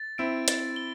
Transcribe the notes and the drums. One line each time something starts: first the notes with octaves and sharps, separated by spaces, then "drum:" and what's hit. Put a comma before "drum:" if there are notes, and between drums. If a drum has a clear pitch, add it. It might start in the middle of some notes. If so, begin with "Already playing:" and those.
Already playing: A6
C4 E4 D7
A6, drum: hi-hat
G7